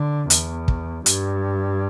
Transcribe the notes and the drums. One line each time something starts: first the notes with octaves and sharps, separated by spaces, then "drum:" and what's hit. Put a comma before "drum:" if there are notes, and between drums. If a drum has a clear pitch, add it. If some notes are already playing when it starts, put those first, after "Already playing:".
Already playing: D3
E2, drum: hi-hat
drum: kick
G2, drum: hi-hat